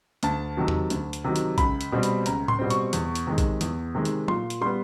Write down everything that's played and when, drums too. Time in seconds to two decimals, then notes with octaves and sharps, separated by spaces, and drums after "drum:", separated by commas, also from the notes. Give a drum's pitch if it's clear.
0.23 D2 A5, drum: hi-hat
0.57 C3 D#3 F#3
0.68 drum: tom E2
0.90 D2, drum: hi-hat
1.13 drum: hi-hat
1.24 C3 D#3 F#3
1.36 drum: hi-hat
1.58 C#2 B5, drum: kick A#1, hi-hat
1.81 drum: hi-hat
1.92 B2 G3 C4
2.03 drum: hi-hat
2.26 C#2 A#5, drum: hi-hat
2.48 C6, drum: tom A2
2.59 B2 G3 C4
2.70 C#6, drum: hi-hat
2.93 E2, drum: hi-hat
3.15 drum: hi-hat
3.27 C3 D#3 G#3
3.38 drum: kick A#1, hi-hat
3.61 E2, drum: hi-hat
3.95 C3 D#3 G#3
4.05 drum: hi-hat
4.28 A#2 C6, drum: tom
4.50 drum: hi-hat
4.61 G3 B3 C6